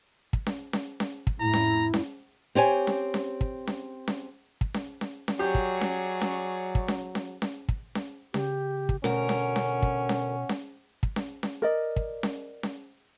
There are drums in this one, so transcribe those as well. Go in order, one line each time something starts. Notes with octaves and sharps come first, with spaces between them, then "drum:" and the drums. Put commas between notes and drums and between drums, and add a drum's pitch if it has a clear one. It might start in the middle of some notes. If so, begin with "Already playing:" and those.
drum: kick
drum: snare C#4
drum: snare C#4
drum: snare C#4
drum: kick
F2 A2 E4 A#5
drum: snare C#4
drum: snare C#4
C4 G4 C#5 G#5
drum: snare C#4
drum: snare C#4
drum: kick
drum: snare C#4
drum: snare C#4
drum: kick
drum: snare C#4
drum: snare C#4
drum: snare C#4
F#3 G4 G#4 C#5 D5
drum: kick
drum: snare C#4
drum: snare C#4
drum: kick
drum: snare C#4
drum: snare C#4
drum: snare C#4
drum: kick
drum: snare C#4
C#3 G4, drum: snare C#4
drum: kick
D2 B2 C#4 A#4 F#5, drum: snare C#4
drum: snare C#4
drum: snare C#4
drum: kick
drum: snare C#4
drum: snare C#4
drum: kick
drum: snare C#4
drum: snare C#4
A#4 D5 D#5
drum: kick
drum: snare C#4
drum: snare C#4